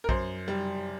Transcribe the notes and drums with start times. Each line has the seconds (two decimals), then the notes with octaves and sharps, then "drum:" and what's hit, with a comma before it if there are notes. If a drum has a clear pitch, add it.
0.04 A#4
0.09 F#2 C5, drum: kick A#1
0.48 G3